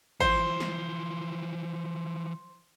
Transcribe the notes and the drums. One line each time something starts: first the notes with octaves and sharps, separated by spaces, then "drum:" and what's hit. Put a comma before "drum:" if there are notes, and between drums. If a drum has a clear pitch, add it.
E3 F3 C5, drum: kick G#1
drum: snare